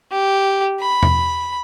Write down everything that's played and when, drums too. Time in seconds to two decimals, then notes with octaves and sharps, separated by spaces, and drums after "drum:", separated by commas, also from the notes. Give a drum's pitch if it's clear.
0.12 G4
0.81 B5
1.03 drum: tom E2